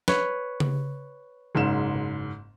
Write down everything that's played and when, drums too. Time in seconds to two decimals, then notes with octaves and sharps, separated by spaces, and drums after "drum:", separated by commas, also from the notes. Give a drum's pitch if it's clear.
0.08 B4 C#5, drum: snare
0.60 drum: tom C#3
1.55 F#1 G#2 E7